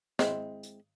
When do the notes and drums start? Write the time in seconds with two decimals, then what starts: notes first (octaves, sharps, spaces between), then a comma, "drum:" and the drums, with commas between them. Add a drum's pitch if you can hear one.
0.19 G#3 C4 E4, drum: snare
0.63 drum: hi-hat